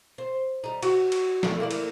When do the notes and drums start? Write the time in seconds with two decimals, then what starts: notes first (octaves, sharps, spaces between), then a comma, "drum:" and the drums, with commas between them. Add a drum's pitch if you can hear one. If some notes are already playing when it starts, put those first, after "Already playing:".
0.18 C5
0.64 G3 D#4
0.83 F#4, drum: cymbal
1.12 drum: cymbal
1.43 E2 G3 A3, drum: snare
1.60 A#3 E4 D5
1.71 drum: cymbal